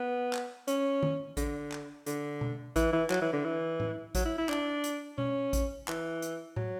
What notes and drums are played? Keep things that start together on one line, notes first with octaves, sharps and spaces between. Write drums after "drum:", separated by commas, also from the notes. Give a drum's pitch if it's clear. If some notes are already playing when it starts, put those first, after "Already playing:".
Already playing: B3
drum: clap
C#4, drum: hi-hat
drum: tom
D3, drum: kick A1, hi-hat
drum: clap
D3, drum: hi-hat
drum: tom B2
E3, drum: kick A1, hi-hat
E3
F#3, drum: clap
E3
D3
E3
drum: tom A2
F#3, drum: kick A1, hi-hat
E4
E4
D4, drum: clap
drum: hi-hat
C#4, drum: tom B2
drum: kick A1, hi-hat
E3, drum: clap
drum: hi-hat
F#3, drum: tom A2